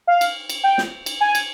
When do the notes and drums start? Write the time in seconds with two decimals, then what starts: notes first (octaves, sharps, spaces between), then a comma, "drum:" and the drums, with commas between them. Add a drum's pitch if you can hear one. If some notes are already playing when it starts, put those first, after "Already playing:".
0.07 F5
0.21 drum: cymbal
0.50 drum: cymbal
0.64 G5
0.78 drum: snare
1.06 drum: cymbal
1.21 G#5
1.35 drum: cymbal